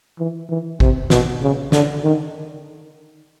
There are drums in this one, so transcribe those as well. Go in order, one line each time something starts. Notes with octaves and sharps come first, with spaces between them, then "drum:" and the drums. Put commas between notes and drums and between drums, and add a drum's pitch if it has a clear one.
E3
E3
C3, drum: kick
B2, drum: snare
C#3
D3, drum: snare
D#3